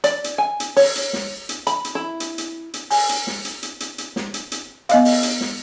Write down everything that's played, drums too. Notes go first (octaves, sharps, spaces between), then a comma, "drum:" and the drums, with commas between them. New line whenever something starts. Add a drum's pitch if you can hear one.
D5, drum: hi-hat
drum: hi-hat
G#5
drum: hi-hat
C#5, drum: open hi-hat
drum: hi-hat
drum: snare
drum: hi-hat
B5, drum: hi-hat
drum: hi-hat
E4
drum: hi-hat
drum: hi-hat
drum: hi-hat
G#5, drum: open hi-hat
drum: hi-hat
drum: snare
drum: hi-hat
drum: hi-hat
drum: hi-hat
drum: hi-hat
drum: snare
drum: hi-hat
drum: hi-hat
B3 D#5 F5, drum: hi-hat
drum: open hi-hat
drum: hi-hat
drum: snare